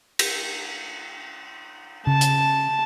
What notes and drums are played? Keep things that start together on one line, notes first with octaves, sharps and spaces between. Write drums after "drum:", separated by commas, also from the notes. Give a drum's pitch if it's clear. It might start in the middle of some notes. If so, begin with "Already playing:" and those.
drum: cymbal
C#3 A5
drum: hi-hat